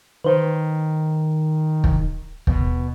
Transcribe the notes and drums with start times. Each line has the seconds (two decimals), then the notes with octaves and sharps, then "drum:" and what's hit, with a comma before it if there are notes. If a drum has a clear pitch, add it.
0.24 D#3 B4 C5
1.84 drum: kick
2.47 D#2 B2, drum: kick